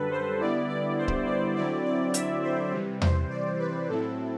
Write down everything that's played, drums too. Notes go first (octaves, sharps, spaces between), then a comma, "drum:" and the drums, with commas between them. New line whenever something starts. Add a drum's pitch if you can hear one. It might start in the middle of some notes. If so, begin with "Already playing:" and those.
Already playing: F#2 D3 G3 A4 B4
C5
D3 G3 B3 E4 D5
D5
C5
drum: kick C#1
D5
D3 F#3 C4 E4 D5
D5
E5, drum: hi-hat
C5
C3 E3 G3
C5, drum: tom E2
D5
B4
A2 F#3 C4 E4 A4